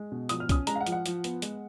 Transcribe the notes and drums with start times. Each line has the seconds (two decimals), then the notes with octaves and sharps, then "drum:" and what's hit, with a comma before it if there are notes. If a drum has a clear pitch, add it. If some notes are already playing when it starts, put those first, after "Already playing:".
Already playing: G#3
0.12 B2
0.29 F3 D#6, drum: hi-hat
0.40 F6
0.49 C#4 D#6, drum: kick C2, hi-hat
0.67 G#3 A#5, drum: hi-hat
0.75 F5
0.81 F#5
0.86 F3, drum: hi-hat
0.92 F#5
1.06 F3, drum: hi-hat
1.24 B3, drum: hi-hat
1.42 G#3, drum: hi-hat